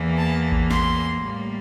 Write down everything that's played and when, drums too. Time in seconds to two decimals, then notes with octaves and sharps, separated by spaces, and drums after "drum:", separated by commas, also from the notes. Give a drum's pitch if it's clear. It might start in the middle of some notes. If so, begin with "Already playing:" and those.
Already playing: E2 E3 A#3
0.18 A5
0.52 drum: kick A1
0.71 C6, drum: snare
1.23 A2 G3 A#3